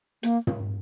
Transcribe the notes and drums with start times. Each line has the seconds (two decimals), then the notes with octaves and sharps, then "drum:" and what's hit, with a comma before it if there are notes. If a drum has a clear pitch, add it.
0.23 A#3, drum: hi-hat
0.47 drum: tom